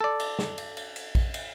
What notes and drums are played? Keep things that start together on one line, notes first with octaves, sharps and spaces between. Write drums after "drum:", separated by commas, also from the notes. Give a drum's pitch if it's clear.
A4 D5
drum: cymbal
drum: snare
drum: cymbal
drum: cymbal
drum: cymbal
drum: kick A#1, cymbal
drum: cymbal